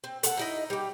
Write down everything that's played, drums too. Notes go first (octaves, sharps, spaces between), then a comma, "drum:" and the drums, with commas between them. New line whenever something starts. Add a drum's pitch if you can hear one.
C4
A4 F#5, drum: hi-hat
D#4 E4 D#5
G3 G4